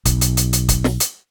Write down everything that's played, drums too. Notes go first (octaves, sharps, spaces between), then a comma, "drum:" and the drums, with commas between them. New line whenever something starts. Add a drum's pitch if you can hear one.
B1, drum: kick, hi-hat
drum: hi-hat
drum: hi-hat
drum: hi-hat
drum: kick, hi-hat
drum: snare
drum: hi-hat